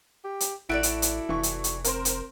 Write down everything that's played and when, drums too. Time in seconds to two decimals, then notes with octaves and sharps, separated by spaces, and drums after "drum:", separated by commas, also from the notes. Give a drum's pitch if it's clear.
0.24 G4
0.40 drum: hi-hat
0.69 A1 E4 F#4 A4 D5 D7
0.83 E4, drum: hi-hat
1.02 drum: hi-hat
1.29 F1 E3 C#6
1.43 drum: hi-hat
1.64 drum: hi-hat
1.84 C4 A#4 C5, drum: hi-hat
2.05 drum: hi-hat